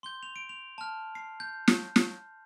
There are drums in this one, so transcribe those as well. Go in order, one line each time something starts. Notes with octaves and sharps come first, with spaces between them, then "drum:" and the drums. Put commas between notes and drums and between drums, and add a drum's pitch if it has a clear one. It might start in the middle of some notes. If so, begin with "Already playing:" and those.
C6 G6 G7
F7
D7
F7
A5 F6
C7
G6
drum: snare
drum: snare